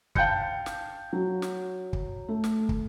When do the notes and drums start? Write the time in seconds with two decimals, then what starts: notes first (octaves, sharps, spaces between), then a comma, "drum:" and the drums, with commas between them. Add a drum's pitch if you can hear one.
0.15 F5 G5 A5 G6 C#7, drum: kick
0.66 drum: snare
1.13 F#3
1.42 drum: snare
1.93 drum: kick
2.28 A3
2.44 drum: snare
2.69 drum: kick